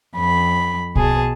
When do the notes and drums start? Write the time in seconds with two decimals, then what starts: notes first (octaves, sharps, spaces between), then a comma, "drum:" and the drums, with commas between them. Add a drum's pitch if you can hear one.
0.16 F2 B5
0.96 B2 G#4 A5, drum: kick